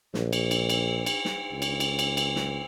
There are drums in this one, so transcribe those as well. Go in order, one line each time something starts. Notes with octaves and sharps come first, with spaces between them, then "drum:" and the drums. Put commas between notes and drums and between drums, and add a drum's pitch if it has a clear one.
A#1, drum: snare
drum: cymbal
drum: cymbal
drum: cymbal
drum: cymbal
drum: snare
C#2
drum: cymbal
drum: cymbal
drum: cymbal
drum: cymbal
drum: snare